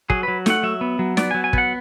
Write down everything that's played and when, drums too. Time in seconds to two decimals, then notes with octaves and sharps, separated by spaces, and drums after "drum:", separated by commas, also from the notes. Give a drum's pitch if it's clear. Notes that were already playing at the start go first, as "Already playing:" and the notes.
0.10 F#3 G#4, drum: kick
0.23 F#3 B4
0.46 A3 F#5, drum: snare
0.63 F#3 E5
0.81 B3
0.99 F#3
1.17 B3 D5, drum: snare
1.31 F#3 G#5
1.44 G#5
1.53 B3 F#5, drum: kick